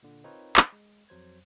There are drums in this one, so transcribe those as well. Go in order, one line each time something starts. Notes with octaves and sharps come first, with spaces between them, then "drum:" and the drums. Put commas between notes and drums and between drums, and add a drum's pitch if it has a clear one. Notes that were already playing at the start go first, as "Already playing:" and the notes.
A#2 D3
C4 D#4 F4 A#4 B4 C#5
drum: clap
G#3
F2 F#3 C5 G#6